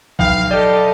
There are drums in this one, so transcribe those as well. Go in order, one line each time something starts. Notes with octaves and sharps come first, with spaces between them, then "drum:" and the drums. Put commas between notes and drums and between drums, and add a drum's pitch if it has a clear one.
B1 F5 G5, drum: kick
G4 A4 D5 D#5